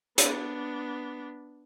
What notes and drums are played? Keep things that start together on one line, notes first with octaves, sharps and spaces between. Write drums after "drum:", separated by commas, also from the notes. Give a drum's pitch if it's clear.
B3 D4, drum: hi-hat